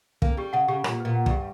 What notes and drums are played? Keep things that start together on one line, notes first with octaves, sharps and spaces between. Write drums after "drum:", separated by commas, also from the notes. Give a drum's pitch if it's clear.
A#3 C#4, drum: kick
G3 G4
C#3 F#5
C#3 G4
A#2 G4, drum: rim click
A#2 B4
F#5
G2 G4, drum: kick